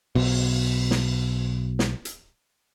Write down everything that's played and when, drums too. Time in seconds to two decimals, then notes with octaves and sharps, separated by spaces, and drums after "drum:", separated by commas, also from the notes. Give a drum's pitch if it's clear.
0.15 B1 B2, drum: cymbal
0.91 drum: snare
1.79 drum: snare
2.05 drum: hi-hat